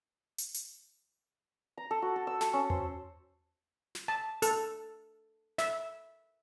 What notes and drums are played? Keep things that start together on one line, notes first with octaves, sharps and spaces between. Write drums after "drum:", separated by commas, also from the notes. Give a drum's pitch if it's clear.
drum: hi-hat
drum: hi-hat
A#5
A4
F#4
A4
E6
A4, drum: snare
C#4
C5, drum: tom E2
drum: snare
A5
A4, drum: hi-hat
E5, drum: snare